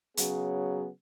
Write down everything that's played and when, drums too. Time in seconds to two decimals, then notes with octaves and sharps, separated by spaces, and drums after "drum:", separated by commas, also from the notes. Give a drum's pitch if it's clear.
0.17 C#3 F#3 B3 G#4, drum: hi-hat